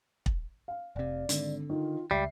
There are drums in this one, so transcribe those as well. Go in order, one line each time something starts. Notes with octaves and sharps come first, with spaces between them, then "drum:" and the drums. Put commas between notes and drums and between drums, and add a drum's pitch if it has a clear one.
drum: kick
F5
F1 C3 D5
G#1 D3, drum: hi-hat
D#3 F4
C#2 G3 E5 C7